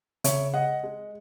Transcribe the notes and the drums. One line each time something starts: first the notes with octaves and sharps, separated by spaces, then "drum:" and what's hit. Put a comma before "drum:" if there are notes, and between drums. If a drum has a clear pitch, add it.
C#3 C#5 E5, drum: hi-hat
G#3 D#5 F#5
G#3